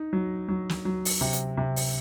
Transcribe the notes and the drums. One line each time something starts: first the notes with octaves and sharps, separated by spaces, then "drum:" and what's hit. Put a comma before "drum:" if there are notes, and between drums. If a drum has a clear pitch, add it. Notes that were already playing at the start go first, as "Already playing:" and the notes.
Already playing: D#4
F#3
F#3
drum: snare
F#3
drum: open hi-hat
C3
drum: hi-hat
C3
drum: open hi-hat